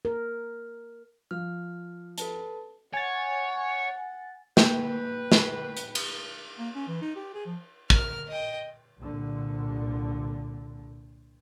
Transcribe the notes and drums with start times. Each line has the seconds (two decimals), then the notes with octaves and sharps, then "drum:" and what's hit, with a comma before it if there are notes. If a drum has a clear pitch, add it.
0.05 A#4
1.31 F3 F6
2.18 A4 B4 A5, drum: hi-hat
2.94 C#5 F#5 G#5 A6
4.57 A#3 B4 G5, drum: snare
5.32 drum: snare
5.77 drum: hi-hat
5.95 drum: cymbal
6.59 A#3
6.75 C#4
6.88 E3
7.02 D#4
7.16 G4
7.35 G#4
7.46 F3
7.90 A#4 F6, drum: kick
8.28 D#5 G5
8.99 C2 A#2 D3